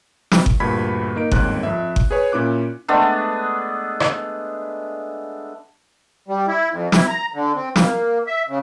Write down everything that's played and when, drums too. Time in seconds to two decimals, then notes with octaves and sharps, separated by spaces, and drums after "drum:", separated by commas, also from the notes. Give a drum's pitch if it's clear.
0.32 drum: snare
0.46 drum: kick G1
0.60 D2 G2 A#2 B5 G#6 B6
1.16 A#3 D#4 D7
1.31 G1 D#2 G#2 C4 F#6, drum: kick G1
1.63 F2 E5
1.96 drum: kick G1
2.11 G#4 B4 C#5 G#5
2.32 A#2 C#4 E4 D6 F#6
2.88 G#3 A3 B3 D4
4.00 drum: rim click
6.28 G3
6.48 E4
6.72 F2
6.92 E4, drum: snare
7.08 A#5
7.34 D3
7.55 C4
7.76 A#3, drum: snare
8.27 E5
8.48 C#3